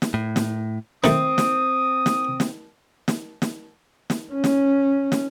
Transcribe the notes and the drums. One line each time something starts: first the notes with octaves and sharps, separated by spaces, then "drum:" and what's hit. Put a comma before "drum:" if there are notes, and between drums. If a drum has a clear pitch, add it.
drum: snare
A2
drum: snare
D#3 A3 C4 D#6, drum: snare
drum: snare
drum: snare
drum: snare
drum: snare
drum: snare
drum: snare
C#4
drum: snare
drum: snare